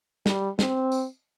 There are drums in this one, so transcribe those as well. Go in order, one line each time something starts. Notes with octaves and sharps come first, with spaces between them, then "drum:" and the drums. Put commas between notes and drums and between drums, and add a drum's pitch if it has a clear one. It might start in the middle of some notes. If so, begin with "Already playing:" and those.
G3, drum: snare
C4, drum: snare
drum: tambourine